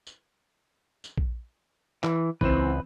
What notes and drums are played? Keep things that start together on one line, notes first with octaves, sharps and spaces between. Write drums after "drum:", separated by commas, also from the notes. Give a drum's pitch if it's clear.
drum: tambourine
drum: tambourine
drum: kick A#1
E3, drum: clap
C#2 E3 C4 B4 E7, drum: kick A#1